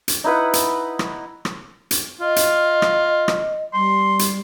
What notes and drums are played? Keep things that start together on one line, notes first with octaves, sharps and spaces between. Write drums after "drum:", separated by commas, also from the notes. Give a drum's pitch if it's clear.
drum: hi-hat
D#4 E4 B4 F#5
drum: hi-hat
drum: rim click
drum: rim click
drum: hi-hat
F4 D#5
drum: hi-hat
drum: rim click
drum: rim click
G3 C6
drum: hi-hat